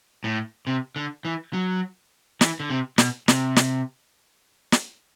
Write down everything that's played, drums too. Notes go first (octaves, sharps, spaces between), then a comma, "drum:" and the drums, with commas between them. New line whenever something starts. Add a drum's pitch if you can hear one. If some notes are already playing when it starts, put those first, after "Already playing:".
A2
C3
D3
E3
F#3
E3, drum: snare
D3
C3
B2, drum: snare
C3, drum: snare
drum: snare
drum: snare